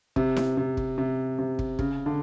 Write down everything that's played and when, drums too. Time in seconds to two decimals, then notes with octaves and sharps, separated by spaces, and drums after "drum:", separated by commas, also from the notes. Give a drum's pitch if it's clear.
0.16 C3, drum: kick
0.37 drum: snare E4
0.57 C3
0.77 drum: kick
0.98 C3
1.39 C3
1.59 drum: kick
1.79 C#3, drum: kick
2.06 D3